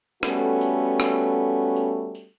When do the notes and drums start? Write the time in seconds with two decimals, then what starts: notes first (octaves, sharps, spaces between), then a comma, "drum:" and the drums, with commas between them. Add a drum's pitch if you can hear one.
0.23 G3 A3 B3 C#4 F#4 A4, drum: rim click
0.61 drum: tambourine
1.00 drum: rim click
1.76 drum: tambourine
2.15 drum: tambourine